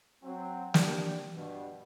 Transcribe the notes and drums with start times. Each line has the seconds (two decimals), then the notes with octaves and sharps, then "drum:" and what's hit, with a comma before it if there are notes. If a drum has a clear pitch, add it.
0.23 F#3 C4
0.74 D4 G4, drum: snare
1.34 G2 B2